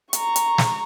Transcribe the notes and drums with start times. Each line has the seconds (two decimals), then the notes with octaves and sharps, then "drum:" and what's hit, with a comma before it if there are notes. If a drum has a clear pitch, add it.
0.13 A#5 C#6, drum: hi-hat
0.36 drum: hi-hat
0.58 drum: snare